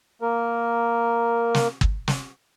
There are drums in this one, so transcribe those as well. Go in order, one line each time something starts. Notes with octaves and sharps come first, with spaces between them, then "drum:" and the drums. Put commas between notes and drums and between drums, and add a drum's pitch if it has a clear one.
A#3 A#4
drum: snare
drum: kick
drum: snare